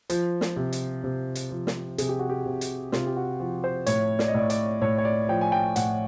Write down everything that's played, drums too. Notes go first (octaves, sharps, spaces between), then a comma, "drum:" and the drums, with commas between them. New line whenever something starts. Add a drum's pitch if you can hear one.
F3, drum: hi-hat
drum: snare
C3
drum: hi-hat
C3
drum: hi-hat
F3
drum: snare
C3 G#4, drum: hi-hat
G4
F#4
G4
C3
drum: hi-hat
C3 F4, drum: snare
G4
F#4
F3 F#4
C5
A2 C#5, drum: hi-hat
D5, drum: snare
D#5
A2 D5
D5, drum: hi-hat
A2 C#5
C#5
D5
F3 G5
G#5
G5
A2 F#5, drum: hi-hat